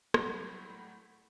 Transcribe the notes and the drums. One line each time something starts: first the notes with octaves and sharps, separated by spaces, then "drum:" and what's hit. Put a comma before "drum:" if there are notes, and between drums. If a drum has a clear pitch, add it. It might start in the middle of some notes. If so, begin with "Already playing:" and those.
A2 F#3 G3 A4 B4, drum: rim click